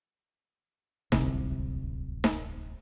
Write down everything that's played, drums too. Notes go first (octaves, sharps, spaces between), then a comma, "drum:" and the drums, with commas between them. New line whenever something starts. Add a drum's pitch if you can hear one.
D1 G1 C2 C3, drum: snare D#4
drum: snare D#4